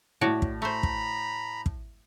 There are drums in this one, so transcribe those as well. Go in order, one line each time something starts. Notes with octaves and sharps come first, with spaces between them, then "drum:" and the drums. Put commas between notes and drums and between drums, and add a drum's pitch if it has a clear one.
A2 F#4 C#5 D5
drum: kick
A3 C5 A#5 B5
drum: kick
drum: kick